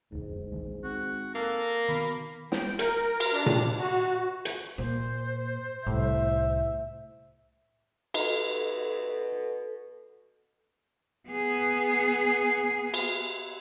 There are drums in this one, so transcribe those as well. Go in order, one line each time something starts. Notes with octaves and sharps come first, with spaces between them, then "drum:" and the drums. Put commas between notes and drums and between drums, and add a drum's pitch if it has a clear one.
D1 B1 F2 G#2
A#1 D#3 G#3
C4 F#4
A#3 A4
B2 D#3 B5
G5, drum: snare
A#4, drum: hi-hat
drum: cymbal
D4
drum: tom A#2
F#4
drum: hi-hat
A#2 C5
C2 A2 E5
B2 D#4 A4, drum: cymbal
B3 G#4
drum: cymbal